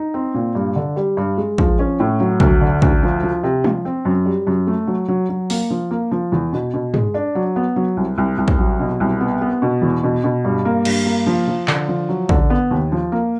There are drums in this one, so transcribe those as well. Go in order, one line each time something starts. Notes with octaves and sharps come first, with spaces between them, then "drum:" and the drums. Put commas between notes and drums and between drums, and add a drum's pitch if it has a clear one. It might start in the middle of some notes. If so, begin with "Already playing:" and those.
Already playing: D#4
C4
A#2
G2
D3
G3
G2
G#3
F3, drum: kick
C#4
A2
F#3
D2, drum: kick
D3
D2, drum: kick
F3
F3
C3
F3, drum: tom
C4
F#2
G3
F#2
A3
F#3
F#3
F#3
A#3, drum: open hi-hat
F3
A#3
F3
E2
B2
B2
G#3, drum: tom
D4
F#3
B3
F#3
C2
C2
C2
drum: kick
F#3
B2
C2
B3
B3
B2
E2
B2
B2
G2
A#3
G2, drum: cymbal
A#3
F3
F3
D3, drum: clap
F3
F#3
D3, drum: kick
B3
D#2
F3
A#3